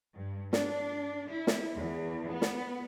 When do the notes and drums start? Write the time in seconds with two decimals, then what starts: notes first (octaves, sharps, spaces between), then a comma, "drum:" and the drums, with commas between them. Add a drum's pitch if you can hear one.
0.13 G2
0.53 D4, drum: snare
1.31 E4
1.47 drum: snare
1.75 E2
2.29 B3
2.42 drum: snare